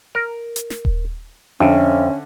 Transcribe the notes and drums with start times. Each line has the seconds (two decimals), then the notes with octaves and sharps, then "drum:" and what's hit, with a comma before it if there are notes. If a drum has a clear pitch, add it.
0.15 A#4
0.56 drum: hi-hat
0.70 drum: snare
0.85 drum: kick D#1
1.60 F2 D3 C#4 E5